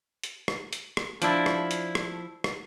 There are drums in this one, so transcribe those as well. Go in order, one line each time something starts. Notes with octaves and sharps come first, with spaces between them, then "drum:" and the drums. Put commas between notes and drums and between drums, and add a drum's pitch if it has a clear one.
drum: hi-hat
drum: rim click
drum: hi-hat
drum: rim click
F3 D4 E4, drum: hi-hat
drum: rim click
drum: hi-hat
drum: rim click
drum: rim click